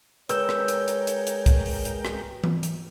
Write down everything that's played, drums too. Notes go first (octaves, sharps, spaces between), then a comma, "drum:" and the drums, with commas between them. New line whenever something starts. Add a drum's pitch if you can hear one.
G#3 A#4 B4 C#5 G5 E6 G6, drum: hi-hat
drum: rim click
drum: hi-hat
drum: hi-hat
drum: hi-hat
drum: hi-hat
drum: kick C2, hi-hat
drum: open hi-hat
drum: hi-hat
drum: rim click
drum: tom E3
drum: hi-hat